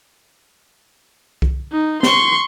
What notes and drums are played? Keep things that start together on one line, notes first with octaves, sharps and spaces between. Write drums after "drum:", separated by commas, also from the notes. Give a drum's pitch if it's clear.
drum: kick C2
D#4
C6 C#6, drum: snare